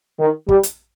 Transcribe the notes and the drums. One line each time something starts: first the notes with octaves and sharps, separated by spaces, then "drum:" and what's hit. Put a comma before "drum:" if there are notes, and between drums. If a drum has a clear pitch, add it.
D#3
G3, drum: kick
drum: hi-hat